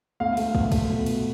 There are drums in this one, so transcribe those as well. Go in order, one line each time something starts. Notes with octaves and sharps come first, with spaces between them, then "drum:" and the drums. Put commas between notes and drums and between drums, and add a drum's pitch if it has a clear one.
D2 F5
A3, drum: cymbal
D2, drum: kick
A3, drum: kick, cymbal
B2
B2, drum: cymbal